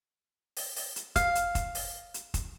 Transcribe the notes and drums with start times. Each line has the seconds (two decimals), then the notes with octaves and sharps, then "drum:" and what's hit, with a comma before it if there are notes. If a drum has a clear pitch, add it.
0.56 drum: open hi-hat
0.76 drum: open hi-hat
0.96 drum: hi-hat
1.16 F5, drum: kick, hi-hat
1.35 drum: hi-hat
1.55 drum: kick, hi-hat
1.75 drum: open hi-hat
2.14 drum: hi-hat
2.34 drum: kick, hi-hat